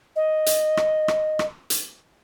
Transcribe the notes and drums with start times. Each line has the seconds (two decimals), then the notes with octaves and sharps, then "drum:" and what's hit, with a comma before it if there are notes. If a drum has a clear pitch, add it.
0.16 D#5
0.46 drum: hi-hat
0.77 drum: rim click
1.08 drum: rim click
1.39 drum: rim click
1.70 drum: hi-hat